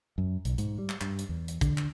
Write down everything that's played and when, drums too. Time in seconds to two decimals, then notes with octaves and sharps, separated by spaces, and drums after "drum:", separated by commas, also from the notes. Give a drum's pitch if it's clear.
0.18 F#2
0.45 B1, drum: hi-hat
0.58 G#2, drum: hi-hat
0.78 G3
0.89 drum: clap
1.01 G2, drum: clap
1.19 drum: hi-hat
1.29 E2
1.48 drum: hi-hat
1.61 D3, drum: kick, hi-hat
1.78 drum: clap